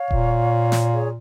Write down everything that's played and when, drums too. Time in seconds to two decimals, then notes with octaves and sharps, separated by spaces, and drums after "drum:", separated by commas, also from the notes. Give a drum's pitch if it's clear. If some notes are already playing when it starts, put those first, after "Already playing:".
Already playing: C#5 F5
0.11 A#2, drum: kick D#1
0.72 drum: snare
0.92 G#4 C#5